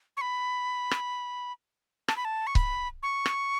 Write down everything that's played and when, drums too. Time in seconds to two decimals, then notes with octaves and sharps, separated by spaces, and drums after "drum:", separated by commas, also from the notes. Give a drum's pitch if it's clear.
0.17 C#6
0.21 B5
0.91 drum: rim click
2.08 A5, drum: rim click
2.16 B5
2.25 A5
2.47 C#6
2.55 B5, drum: kick C#1
3.03 C#6
3.26 drum: rim click